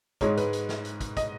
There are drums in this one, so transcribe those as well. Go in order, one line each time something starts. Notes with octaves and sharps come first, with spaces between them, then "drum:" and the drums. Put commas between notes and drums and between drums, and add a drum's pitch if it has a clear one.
G#2 G#3 C#5, drum: kick, hi-hat
B4, drum: hi-hat
drum: hi-hat
drum: snare
drum: hi-hat
drum: kick, hi-hat
D#5, drum: kick, hi-hat